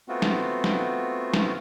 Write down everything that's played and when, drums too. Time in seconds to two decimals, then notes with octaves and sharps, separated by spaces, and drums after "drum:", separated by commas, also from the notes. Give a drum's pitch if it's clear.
0.08 A3 B3 C4 F4 F#4
0.22 drum: snare
0.64 drum: snare
1.34 drum: snare